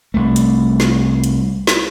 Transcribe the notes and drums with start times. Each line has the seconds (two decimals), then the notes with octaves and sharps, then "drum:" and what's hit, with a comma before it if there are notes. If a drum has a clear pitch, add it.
0.14 C2 A3
0.36 drum: hi-hat
0.80 drum: snare
1.24 drum: hi-hat
1.67 drum: snare